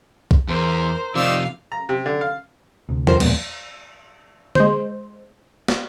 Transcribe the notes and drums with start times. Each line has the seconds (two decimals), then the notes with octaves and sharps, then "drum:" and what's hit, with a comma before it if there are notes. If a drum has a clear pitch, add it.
0.31 drum: kick B1
0.48 E2 A#4 C5
1.15 C3 D#3 F3 D5 F5 E6
1.72 A#5
1.89 C3
2.06 D3
2.21 F5
2.89 D2 C3
3.07 F3 A#4 C5, drum: tom
3.20 D#2 A#2 F3 G#3 B3, drum: cymbal
4.55 G#3 C5, drum: tom D3
5.68 drum: snare